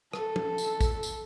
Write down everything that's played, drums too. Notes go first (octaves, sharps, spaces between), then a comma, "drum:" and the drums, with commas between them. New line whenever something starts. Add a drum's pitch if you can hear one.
A4, drum: rim click
drum: tom
drum: tambourine
drum: kick, tambourine
drum: tambourine